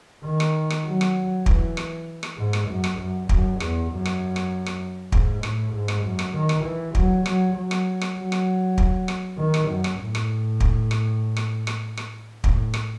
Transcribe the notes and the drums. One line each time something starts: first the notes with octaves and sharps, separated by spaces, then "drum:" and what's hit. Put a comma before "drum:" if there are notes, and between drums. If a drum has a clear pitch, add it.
D#3
drum: rim click
drum: rim click
F#3
drum: rim click
E3, drum: kick
drum: rim click
drum: rim click
G#2
drum: rim click
F#2
drum: rim click
F#2
F#2, drum: kick
E2, drum: rim click
F#2
drum: rim click
drum: rim click
drum: rim click
G#2, drum: kick
A2, drum: rim click
G#2
drum: rim click
F#2
drum: rim click
D#3
drum: rim click
E3
F#3, drum: kick
F#3, drum: rim click
F#3
drum: rim click
drum: rim click
F#3
drum: rim click
drum: kick
drum: rim click
D#3
drum: rim click
F#2
drum: rim click
A2
drum: rim click
drum: kick
drum: rim click
drum: rim click
drum: rim click
drum: rim click
A2, drum: kick
drum: rim click